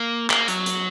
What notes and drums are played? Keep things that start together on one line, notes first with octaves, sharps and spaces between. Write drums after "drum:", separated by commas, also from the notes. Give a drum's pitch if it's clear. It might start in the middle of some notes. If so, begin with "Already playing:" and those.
Already playing: A#3
A#3, drum: clap
F#3, drum: hi-hat
drum: hi-hat